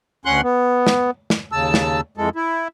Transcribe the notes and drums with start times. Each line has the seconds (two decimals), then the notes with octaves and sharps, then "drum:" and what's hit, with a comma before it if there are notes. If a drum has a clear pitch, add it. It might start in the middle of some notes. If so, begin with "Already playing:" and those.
0.25 D2 C#4 F#5 C6 F#6
0.43 B3
0.87 drum: snare
1.30 drum: snare
1.52 D#2 C#3 A5 E6
1.74 drum: snare
2.17 F2 E3 G#3 A4
2.36 E4